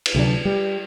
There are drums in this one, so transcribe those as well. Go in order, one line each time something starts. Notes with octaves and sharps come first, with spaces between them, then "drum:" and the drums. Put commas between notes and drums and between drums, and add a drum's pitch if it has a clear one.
drum: cymbal
D2 C3 F#3 D4
G3